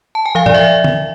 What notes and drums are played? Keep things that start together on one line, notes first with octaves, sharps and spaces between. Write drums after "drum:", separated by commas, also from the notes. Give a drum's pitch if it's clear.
A5
G#5
F3 F5
D5, drum: tom
F3
E5
drum: tom